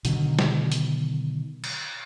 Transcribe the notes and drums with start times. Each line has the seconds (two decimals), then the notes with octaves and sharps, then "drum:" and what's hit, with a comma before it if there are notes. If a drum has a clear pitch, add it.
0.05 B2 D3 D#3 F#3, drum: hi-hat
0.39 drum: snare
0.72 drum: hi-hat
1.64 drum: cymbal